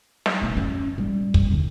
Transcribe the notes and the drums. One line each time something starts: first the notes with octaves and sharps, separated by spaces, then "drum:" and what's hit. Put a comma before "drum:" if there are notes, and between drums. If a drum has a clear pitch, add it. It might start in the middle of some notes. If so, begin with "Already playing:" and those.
drum: snare
E1 A3
F#2 C#4
G3
drum: kick
D2 D3